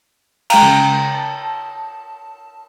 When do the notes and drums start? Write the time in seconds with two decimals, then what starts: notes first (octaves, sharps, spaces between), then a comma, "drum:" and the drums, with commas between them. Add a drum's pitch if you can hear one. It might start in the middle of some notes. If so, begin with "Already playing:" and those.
0.50 G#3 F5 G5 A#5, drum: cymbal
0.62 C#3
1.14 A5